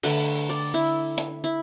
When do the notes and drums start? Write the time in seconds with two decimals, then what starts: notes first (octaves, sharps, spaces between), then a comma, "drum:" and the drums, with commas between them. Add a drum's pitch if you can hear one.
0.03 D3 A3 B4, drum: open hi-hat
0.49 D5
0.74 E4
1.18 drum: hi-hat
1.44 E4